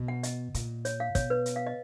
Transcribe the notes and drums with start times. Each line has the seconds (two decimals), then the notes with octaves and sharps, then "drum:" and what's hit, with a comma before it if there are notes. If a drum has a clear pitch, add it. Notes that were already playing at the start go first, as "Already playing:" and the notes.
Already playing: B2
0.08 F#5
0.23 D#5, drum: hi-hat
0.54 A#2, drum: hi-hat
0.85 C#5, drum: hi-hat
1.00 F5
1.15 B2 C#5, drum: kick, hi-hat
1.30 B4
1.46 drum: hi-hat
1.56 F5
1.67 D#5